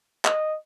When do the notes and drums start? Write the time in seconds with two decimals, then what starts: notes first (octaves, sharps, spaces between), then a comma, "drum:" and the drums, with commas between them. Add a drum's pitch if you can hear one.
0.25 D#5, drum: clap